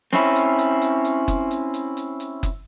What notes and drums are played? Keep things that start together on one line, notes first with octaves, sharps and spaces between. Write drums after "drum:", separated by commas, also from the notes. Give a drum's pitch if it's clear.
C4 C#4 E4, drum: snare
drum: hi-hat
drum: hi-hat
drum: hi-hat
drum: hi-hat
drum: kick F#1, hi-hat
drum: hi-hat
drum: hi-hat
drum: hi-hat
drum: hi-hat
drum: kick F#1, hi-hat